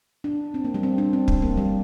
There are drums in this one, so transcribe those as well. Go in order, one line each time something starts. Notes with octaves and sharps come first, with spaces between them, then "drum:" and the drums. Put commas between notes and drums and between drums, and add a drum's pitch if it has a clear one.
D4
C4
A#3
G3
C4
D4
C4
drum: kick
A#3
G3